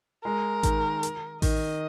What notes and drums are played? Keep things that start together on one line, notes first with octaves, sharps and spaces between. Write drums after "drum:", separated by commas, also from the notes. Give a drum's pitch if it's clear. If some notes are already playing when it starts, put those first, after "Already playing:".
G#3 A#4
D#3, drum: kick A1, hi-hat
drum: hi-hat
D#3 D#5, drum: kick A1, open hi-hat